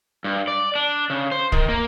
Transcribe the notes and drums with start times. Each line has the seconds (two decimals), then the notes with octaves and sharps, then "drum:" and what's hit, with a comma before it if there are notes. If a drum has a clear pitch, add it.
0.24 G2
0.48 D5
0.75 D4
1.10 C#3
1.32 C5
1.52 D#3, drum: kick
1.69 A#3